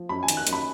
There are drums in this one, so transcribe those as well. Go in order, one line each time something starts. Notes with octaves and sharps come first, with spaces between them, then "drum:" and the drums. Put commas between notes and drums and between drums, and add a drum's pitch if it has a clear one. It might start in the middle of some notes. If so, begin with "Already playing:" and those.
Already playing: F3
F#2 B5
G#5
D#3, drum: hi-hat
F#6
F#2, drum: hi-hat
B5